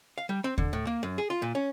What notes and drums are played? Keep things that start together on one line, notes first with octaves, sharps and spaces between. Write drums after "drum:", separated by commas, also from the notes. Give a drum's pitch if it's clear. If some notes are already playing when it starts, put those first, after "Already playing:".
F5
G3
C4
D3, drum: kick D#2
A2
A#3
F#2
G#4
F4
A#2
C#4